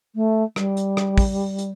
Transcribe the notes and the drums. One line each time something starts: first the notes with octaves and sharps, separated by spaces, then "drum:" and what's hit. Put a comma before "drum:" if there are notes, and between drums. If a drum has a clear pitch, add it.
A3
G3, drum: rim click
drum: hi-hat
drum: rim click
drum: kick, open hi-hat
drum: hi-hat